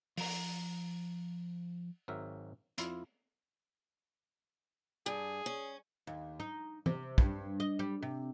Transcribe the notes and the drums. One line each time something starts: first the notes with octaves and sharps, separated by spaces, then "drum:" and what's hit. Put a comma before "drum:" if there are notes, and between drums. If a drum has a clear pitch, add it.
F3 A#5, drum: open hi-hat
G#1 G#2 F#3 A#4 E5
F2 E4 F4, drum: hi-hat
G2 G#4
C#4
D#2
D#4
C3, drum: tom
G2, drum: kick
D#5
G3
C3